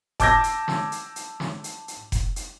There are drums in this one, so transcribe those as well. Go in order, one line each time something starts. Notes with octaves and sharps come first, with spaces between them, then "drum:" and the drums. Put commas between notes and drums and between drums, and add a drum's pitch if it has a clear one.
A5 D6 E6 G6 G#6 A#6, drum: kick F1, hi-hat
drum: hi-hat
drum: snare
drum: hi-hat
drum: hi-hat
drum: snare
drum: hi-hat
drum: hi-hat
drum: kick F1, hi-hat
drum: hi-hat